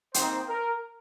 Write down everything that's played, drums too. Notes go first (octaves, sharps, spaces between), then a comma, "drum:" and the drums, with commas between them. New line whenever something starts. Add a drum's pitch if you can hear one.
A#3 C4 D#4 C5, drum: hi-hat
A#4